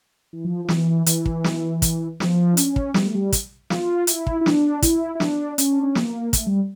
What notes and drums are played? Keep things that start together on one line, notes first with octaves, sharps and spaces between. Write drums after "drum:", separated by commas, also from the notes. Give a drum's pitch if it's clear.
E3
F3
F3
E3, drum: snare
E3, drum: hi-hat
drum: kick
drum: snare
drum: kick, hi-hat
F3, drum: snare
D4
C#4, drum: hi-hat
drum: kick
G3, drum: snare
A3
G3
drum: kick, hi-hat
F4, drum: snare
E4, drum: hi-hat
drum: kick
E4
D4, drum: snare
E4, drum: kick, hi-hat
E4
D4, drum: snare
C#4, drum: hi-hat
D4
C#4
A#3, drum: snare
A3, drum: kick, hi-hat
G3